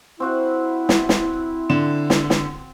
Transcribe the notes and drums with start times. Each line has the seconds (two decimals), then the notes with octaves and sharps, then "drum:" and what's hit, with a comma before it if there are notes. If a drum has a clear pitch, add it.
0.20 C4 E4 F#4 F#5
0.89 drum: snare
1.09 drum: snare
1.70 D3 E7
2.10 drum: snare
2.30 drum: snare